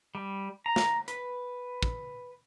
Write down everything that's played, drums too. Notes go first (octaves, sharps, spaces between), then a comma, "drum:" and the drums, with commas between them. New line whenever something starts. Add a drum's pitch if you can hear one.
G3
A#5
drum: snare
B4, drum: hi-hat
drum: kick